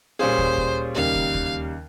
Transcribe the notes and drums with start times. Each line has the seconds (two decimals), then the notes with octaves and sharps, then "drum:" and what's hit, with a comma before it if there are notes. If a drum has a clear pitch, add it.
0.19 A#2 G3 C#4 F4 G#4 C5
0.38 drum: kick
0.57 drum: kick
0.96 D#2 C#3 G3 A#3 F5
1.15 drum: kick
1.34 drum: kick